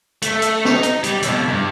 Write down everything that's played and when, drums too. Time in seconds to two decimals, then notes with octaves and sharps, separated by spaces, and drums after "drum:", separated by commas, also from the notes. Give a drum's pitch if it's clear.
0.22 A3, drum: hi-hat
0.42 drum: hi-hat
0.65 D#4, drum: snare
0.83 drum: hi-hat
1.04 G3, drum: hi-hat
1.22 F2 B2, drum: hi-hat
1.48 G2